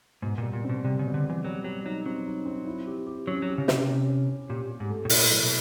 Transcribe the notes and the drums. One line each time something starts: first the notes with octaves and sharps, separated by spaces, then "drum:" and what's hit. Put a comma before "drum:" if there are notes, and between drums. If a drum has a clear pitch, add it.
G#2 B2
A#2
G3
A#2
C4
B2
C3 G3
C#3
B2
D3
E3 G3
F#3 G3
F#3 G3
F#3 D#4
F#3 C4
D#4
C4
E4
G4
G4
F#3 C#4
F#3
G4
C#3
C3 G4, drum: snare
C#4
C#4
C#4
A#2 G4
G4
G#2
A3
A2
A#2 E4, drum: open hi-hat
F#3
B2